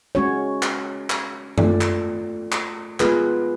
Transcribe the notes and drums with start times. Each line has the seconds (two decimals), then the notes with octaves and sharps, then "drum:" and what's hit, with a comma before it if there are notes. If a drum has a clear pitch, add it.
0.15 G#3 C#4 F#4 C#5
0.63 drum: clap
1.10 drum: clap
1.58 A3 F4 A4 D5, drum: tom
1.81 drum: clap
2.52 drum: clap
3.00 G#3 B3 F4 G#4 B4, drum: clap